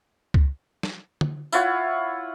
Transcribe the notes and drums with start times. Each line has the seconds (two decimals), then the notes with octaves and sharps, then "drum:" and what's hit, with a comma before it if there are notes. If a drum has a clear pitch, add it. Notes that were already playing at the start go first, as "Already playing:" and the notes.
0.34 drum: kick C#2
0.83 drum: snare
1.21 drum: tom D3
1.52 E4 F4 C#5 F#5, drum: tambourine